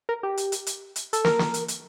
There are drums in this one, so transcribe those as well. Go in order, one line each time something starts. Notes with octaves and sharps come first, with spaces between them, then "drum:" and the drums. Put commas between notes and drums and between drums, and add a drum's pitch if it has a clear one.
A#4
G4
drum: hi-hat
drum: hi-hat
drum: hi-hat
drum: hi-hat
A4, drum: hi-hat
A#4, drum: snare
drum: snare
drum: hi-hat
drum: hi-hat